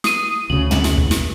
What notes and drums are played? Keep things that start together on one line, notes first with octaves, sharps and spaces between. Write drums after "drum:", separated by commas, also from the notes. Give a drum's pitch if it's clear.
D#6 D#7, drum: snare
D2 C#3 F#7
drum: tom
drum: snare
drum: kick
drum: snare